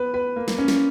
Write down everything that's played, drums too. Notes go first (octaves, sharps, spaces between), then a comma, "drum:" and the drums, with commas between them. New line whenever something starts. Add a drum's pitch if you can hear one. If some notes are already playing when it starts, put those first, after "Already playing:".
Already playing: B3 B4
B4
A#3
drum: snare
C#4
drum: snare